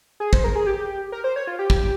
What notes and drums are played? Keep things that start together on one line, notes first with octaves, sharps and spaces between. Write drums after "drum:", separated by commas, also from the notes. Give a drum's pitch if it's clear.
G#4
C5, drum: kick
A#4
G#4
G4
A#4
C5
C#5
F4
G4
drum: kick